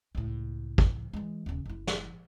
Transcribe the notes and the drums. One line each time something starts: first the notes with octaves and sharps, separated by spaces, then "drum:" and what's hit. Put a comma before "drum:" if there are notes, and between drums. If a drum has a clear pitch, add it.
C#2 A2
drum: kick
E3 G#3
D#1 C#3
F#1 E4
drum: snare